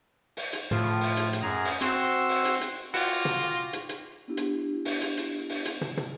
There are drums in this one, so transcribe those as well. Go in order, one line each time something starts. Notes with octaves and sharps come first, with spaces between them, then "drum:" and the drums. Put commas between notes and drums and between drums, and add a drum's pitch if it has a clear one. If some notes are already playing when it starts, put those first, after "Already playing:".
drum: open hi-hat
drum: hi-hat
A2 F3 F4, drum: tom
drum: open hi-hat
drum: hi-hat
drum: hi-hat
F#2 G#4 A#5
drum: open hi-hat
C4 F#4 C6 E6, drum: hi-hat
drum: open hi-hat
drum: hi-hat
drum: hi-hat
F4 F#4 F5 G5 C#6 D6 A#6, drum: open hi-hat
drum: tom
drum: hi-hat
drum: hi-hat
B3 D4 E4 G4
drum: hi-hat
drum: open hi-hat
drum: hi-hat
drum: hi-hat
drum: open hi-hat
drum: hi-hat
drum: tom
drum: tom